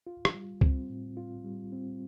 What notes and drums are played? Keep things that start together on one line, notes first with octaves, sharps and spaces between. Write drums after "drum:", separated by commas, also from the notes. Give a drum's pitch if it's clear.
F4
drum: rim click
G3
C4, drum: kick C#2
A2
F4
G3
C4